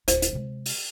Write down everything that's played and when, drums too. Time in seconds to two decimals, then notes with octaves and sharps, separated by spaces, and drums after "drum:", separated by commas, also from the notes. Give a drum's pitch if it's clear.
0.08 D1 F4 C5, drum: hi-hat
0.22 drum: hi-hat
0.33 C3 G#3
0.66 drum: open hi-hat